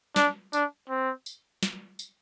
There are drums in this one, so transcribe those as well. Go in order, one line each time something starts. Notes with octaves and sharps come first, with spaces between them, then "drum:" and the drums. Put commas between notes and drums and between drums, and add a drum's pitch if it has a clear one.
D4, drum: snare
D4, drum: tambourine
C4
drum: tambourine
drum: snare
drum: tambourine